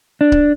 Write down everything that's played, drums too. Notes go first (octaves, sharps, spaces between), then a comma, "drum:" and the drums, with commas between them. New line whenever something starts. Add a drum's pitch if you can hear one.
D4
drum: kick C#1